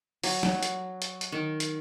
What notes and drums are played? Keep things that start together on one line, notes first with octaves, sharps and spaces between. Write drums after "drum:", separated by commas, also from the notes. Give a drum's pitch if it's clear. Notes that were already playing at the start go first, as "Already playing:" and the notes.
F#3, drum: open hi-hat
drum: snare
drum: hi-hat
drum: hi-hat
drum: hi-hat
D#3
drum: hi-hat